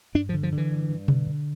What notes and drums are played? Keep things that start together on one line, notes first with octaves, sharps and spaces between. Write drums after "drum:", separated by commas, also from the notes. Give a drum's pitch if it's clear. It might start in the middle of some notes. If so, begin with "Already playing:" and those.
G2 D4
F3
D3
F3
D3
E3
G2
G2
D3, drum: tom B2
D3